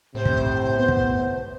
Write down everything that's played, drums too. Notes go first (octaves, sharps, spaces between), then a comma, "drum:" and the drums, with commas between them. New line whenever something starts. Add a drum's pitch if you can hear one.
A2 C3 C5
drum: kick
B3
drum: kick